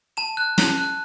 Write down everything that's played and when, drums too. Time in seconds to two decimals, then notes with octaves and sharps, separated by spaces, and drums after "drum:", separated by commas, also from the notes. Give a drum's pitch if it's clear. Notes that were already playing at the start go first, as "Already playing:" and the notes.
0.17 A5 E7
0.37 F#6
0.58 A5, drum: snare
0.78 F#6